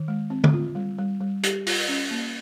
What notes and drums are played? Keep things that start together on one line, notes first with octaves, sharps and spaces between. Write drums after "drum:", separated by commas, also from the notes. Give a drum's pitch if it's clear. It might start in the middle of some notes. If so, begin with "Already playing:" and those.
Already playing: D#3
G#3
C4
drum: tom D3
F4
G3
G3
G3
G4, drum: hi-hat
F4, drum: open hi-hat
C#4
A#3